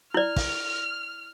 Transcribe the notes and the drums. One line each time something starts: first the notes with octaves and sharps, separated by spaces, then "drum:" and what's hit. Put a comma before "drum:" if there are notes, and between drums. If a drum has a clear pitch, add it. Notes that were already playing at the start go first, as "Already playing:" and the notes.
E4 D5 F6
drum: kick, open hi-hat